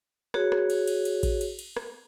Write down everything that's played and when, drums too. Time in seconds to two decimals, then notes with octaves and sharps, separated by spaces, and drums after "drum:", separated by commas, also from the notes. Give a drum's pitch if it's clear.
0.34 F#4 G#4 C#5, drum: rim click
0.52 drum: rim click
0.70 drum: cymbal
0.88 drum: cymbal
1.05 drum: cymbal
1.23 drum: kick A1, cymbal
1.41 drum: cymbal
1.59 drum: cymbal
1.77 drum: rim click